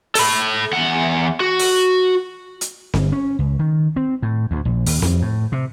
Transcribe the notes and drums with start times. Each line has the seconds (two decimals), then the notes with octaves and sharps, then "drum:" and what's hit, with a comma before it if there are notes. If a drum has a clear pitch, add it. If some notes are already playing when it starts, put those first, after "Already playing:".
0.15 A4 B5, drum: open hi-hat
0.73 E2 F#5
1.40 F#4
1.59 drum: open hi-hat
2.61 drum: hi-hat
2.94 G1, drum: snare C4
3.12 C#4
3.39 C#2
3.59 D#3
3.96 C4
4.22 A2
4.51 D2
4.65 A#1
4.87 D#2, drum: open hi-hat
5.02 F2, drum: snare C4
5.22 A2
5.52 C3